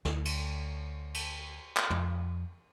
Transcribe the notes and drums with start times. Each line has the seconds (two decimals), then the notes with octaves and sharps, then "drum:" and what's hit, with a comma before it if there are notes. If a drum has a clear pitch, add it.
0.05 D2, drum: snare
0.25 drum: cymbal
1.14 drum: cymbal
1.77 drum: clap
1.90 F2, drum: tom